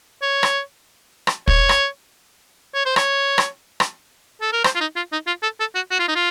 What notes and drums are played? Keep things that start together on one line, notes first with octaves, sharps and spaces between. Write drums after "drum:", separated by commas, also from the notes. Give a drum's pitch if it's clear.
C#5
drum: rim click
drum: rim click
C#5, drum: kick
drum: rim click
C#5
C5
C#5, drum: rim click
drum: rim click
drum: rim click
A4
A#4
C5, drum: rim click
F4
D#4
F4
D#4
F4
A4
A4
F#4
F#4
F4
D#4
F4